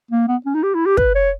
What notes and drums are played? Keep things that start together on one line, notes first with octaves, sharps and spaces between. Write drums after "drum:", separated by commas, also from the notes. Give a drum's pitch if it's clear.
A#3
B3
C#4
D#4
G4
E4
G4
B4, drum: kick
C#5